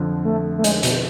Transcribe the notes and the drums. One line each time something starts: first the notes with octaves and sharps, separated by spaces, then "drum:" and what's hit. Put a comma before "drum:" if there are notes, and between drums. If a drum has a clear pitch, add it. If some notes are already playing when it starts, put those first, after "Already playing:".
Already playing: F2 D3 F3
A3
A3
G#3, drum: hi-hat
B2, drum: hi-hat